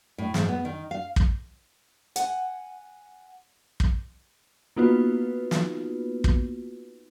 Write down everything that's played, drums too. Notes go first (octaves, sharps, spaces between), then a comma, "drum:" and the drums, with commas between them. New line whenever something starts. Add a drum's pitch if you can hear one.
A2
G#2, drum: snare
B3
D#3
F5
drum: kick
F#5 G#5, drum: hi-hat
drum: kick
A#3 B3 D#4 F4 F#4 B4
drum: snare
drum: kick